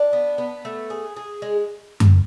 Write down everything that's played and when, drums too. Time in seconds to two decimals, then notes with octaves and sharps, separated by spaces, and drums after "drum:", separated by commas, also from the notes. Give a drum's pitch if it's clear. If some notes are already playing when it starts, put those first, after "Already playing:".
Already playing: D4
0.13 B3
0.38 B3
0.65 A3
0.90 G#4
1.16 G#4
1.42 G#3
2.00 drum: tom F#2